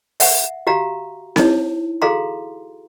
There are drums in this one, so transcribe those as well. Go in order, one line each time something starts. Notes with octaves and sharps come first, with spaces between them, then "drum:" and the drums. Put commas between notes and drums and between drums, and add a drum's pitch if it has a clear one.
E5 F#5, drum: open hi-hat
F#4 G4 F5 A#5
D#4 E4 C#5, drum: snare C4
F#4 G#4 A4 F5 A#5 C6